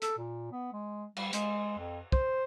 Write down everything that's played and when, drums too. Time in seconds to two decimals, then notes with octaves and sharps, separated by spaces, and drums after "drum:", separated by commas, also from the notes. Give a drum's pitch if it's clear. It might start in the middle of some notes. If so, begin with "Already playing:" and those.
0.02 A4, drum: hi-hat
0.18 A#2
0.52 B3
0.73 G#3
1.16 G3, drum: cymbal
1.33 G#3, drum: hi-hat
1.79 F2
2.12 C5, drum: kick